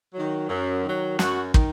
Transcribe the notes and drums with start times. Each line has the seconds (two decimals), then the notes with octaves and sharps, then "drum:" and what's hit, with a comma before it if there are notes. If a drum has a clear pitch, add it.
0.13 D#3 F#3
0.49 F#2
0.84 D#3 F#3
1.19 F#2 F#4, drum: snare
1.54 D#3, drum: kick